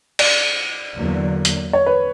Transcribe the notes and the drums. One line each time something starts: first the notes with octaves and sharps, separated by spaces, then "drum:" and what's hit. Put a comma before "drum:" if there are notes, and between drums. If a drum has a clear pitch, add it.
D5, drum: cymbal
E2 D3 F#3 A#3
drum: hi-hat
C#5
B4